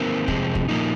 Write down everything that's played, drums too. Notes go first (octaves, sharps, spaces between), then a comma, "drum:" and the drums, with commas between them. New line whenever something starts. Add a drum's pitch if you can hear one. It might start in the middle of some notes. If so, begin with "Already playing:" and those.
Already playing: D#3 A#3 C4
F2 C3 G#3, drum: kick
drum: kick
A#2 F3 A#3 D#4